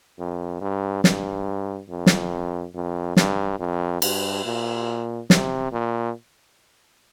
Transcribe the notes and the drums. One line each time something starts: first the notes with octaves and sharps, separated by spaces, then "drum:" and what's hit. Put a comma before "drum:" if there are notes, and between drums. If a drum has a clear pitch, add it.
F2
G2
G2, drum: snare
F2
drum: snare
F2
G2, drum: snare
F2
G2, drum: cymbal
A#2
C3, drum: snare
A#2